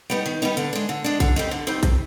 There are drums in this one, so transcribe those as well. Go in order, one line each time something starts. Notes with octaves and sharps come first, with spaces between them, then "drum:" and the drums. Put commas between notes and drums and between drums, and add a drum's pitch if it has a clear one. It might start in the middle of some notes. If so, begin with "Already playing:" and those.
G3 B3 D#4
D#3
G3 B3 D#4
D3, drum: hi-hat
G#3 D4
D3
G#3 D4
D3, drum: kick A#1, hi-hat
G3 C4 D#4
D3
G3 C4 D#4
C3, drum: kick A#1, hi-hat